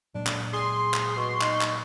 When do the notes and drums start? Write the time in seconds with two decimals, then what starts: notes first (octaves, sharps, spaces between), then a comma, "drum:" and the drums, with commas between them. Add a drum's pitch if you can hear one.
0.15 A#2 F#3 G#3 D4
0.26 drum: clap
0.53 G#4 C6
0.94 drum: clap
1.16 B2 C#6
1.41 D#4, drum: clap
1.61 drum: clap